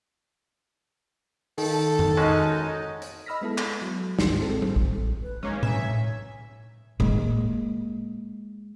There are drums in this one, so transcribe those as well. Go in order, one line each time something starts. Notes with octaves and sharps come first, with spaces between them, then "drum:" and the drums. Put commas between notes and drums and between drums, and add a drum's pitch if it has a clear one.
D#3 A4, drum: open hi-hat
drum: tom F2
G#3 C#4 D#4 F#4 D#5
drum: hi-hat
D#5 B5 E6 F6 A#6 B6
G#3 B3 E4 A4
drum: clap
F#3
A1 D2 G#2 F4 G4 C6, drum: snare
A2 G#3 C4 A4
drum: tom G3
drum: kick
B4
G#3 A#3 C#4 D#4 C#5
E5 G#5, drum: tom A2
G#3 A#3, drum: tom A2